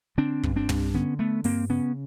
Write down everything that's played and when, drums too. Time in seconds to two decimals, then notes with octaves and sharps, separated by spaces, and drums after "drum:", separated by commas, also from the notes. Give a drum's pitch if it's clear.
0.18 D3 C4 D4
0.43 G2, drum: kick
0.56 C4 D4
0.69 G2, drum: tom
0.94 D3 B3 C#4
1.19 D3 A3 B3
1.44 G2 A#3 C4, drum: open hi-hat
1.70 C#3 B3 C#4